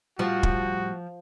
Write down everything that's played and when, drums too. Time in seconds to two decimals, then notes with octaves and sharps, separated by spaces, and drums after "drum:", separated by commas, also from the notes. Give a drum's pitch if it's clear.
0.19 A2 F3 G3 F#4
0.43 drum: kick